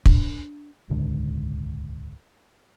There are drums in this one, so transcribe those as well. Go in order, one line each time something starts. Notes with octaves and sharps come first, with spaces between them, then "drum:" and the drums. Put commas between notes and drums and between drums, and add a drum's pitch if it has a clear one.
D4, drum: kick
D#1 C#2 G#2 D3